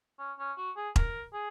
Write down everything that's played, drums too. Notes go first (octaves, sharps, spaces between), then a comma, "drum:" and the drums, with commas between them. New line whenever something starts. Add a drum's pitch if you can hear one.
C#4
C#4
F#4
G#4
A#4, drum: kick E1
G#4